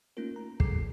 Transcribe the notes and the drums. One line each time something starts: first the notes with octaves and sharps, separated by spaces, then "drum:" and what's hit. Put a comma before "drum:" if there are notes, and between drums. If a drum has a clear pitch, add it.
A3 A#3 C#4 D#4 F4 A#4
A#5
G#2 F#3 G#4 A4 D6 C7, drum: kick